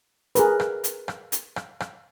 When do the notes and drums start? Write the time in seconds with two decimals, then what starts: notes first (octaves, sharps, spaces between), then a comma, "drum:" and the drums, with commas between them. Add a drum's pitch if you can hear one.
0.35 G#4 A#4 B4, drum: hi-hat
0.60 drum: rim click
0.84 drum: hi-hat
1.08 drum: rim click
1.32 drum: hi-hat
1.56 drum: rim click
1.80 drum: rim click